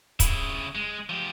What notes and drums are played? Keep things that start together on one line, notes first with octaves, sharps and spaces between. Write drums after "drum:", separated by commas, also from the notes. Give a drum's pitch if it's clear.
C#3 E4, drum: kick, hi-hat
G#3
F3 G4